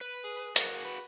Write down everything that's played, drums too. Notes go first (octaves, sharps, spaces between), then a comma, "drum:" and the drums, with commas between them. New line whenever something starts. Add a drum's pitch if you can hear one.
B4
G#4
A#3 F#4 G#4 F#5, drum: hi-hat
B4